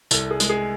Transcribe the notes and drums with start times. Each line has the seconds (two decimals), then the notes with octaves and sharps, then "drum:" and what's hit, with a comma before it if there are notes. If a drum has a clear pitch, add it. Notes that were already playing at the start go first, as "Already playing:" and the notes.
0.11 C2 A4, drum: tambourine
0.31 G#4
0.40 G#3, drum: tambourine
0.49 G#4